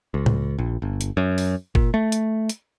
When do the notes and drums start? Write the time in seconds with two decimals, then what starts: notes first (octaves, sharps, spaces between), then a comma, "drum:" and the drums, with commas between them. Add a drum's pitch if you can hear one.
0.14 C#2
0.26 drum: tom A2
0.58 A#1
0.82 G1
1.01 drum: hi-hat
1.17 F#2
1.38 drum: open hi-hat
1.75 A#2, drum: kick F#1
1.94 A3
2.12 drum: hi-hat
2.49 drum: hi-hat